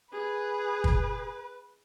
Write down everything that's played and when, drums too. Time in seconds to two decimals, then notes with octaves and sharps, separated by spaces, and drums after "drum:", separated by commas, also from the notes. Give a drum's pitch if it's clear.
0.12 G#4 B4
0.84 drum: kick